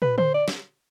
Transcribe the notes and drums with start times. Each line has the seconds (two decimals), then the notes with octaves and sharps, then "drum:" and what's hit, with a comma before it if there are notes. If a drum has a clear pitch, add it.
0.02 B4, drum: tom
0.18 C5, drum: tom D3
0.34 D5
0.48 drum: snare